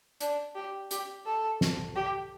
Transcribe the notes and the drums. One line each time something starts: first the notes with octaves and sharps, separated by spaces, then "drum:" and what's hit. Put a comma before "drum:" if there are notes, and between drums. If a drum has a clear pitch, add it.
D4, drum: hi-hat
G4
G4, drum: hi-hat
A4
drum: snare
G4